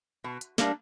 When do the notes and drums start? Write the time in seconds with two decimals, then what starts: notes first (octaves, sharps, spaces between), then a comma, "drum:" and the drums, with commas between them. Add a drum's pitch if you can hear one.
0.24 B2
0.41 drum: hi-hat
0.58 G3 A#3 D4, drum: snare